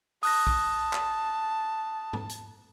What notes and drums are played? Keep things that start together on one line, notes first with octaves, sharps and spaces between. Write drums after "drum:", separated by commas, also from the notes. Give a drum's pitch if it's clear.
A5 D#6 F#6 A#6, drum: open hi-hat
drum: kick
drum: clap
drum: tom
drum: hi-hat